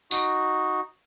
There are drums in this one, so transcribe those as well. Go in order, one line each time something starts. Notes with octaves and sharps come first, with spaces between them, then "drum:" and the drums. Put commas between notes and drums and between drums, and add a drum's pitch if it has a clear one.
D#4 F#4, drum: tambourine